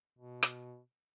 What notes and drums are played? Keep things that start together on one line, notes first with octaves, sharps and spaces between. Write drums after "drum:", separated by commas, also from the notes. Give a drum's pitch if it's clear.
B2
drum: rim click